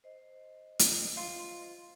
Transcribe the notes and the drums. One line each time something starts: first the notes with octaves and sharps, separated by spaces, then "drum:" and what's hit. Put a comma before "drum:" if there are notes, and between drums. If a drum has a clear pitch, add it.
C5 D#5
drum: hi-hat
F4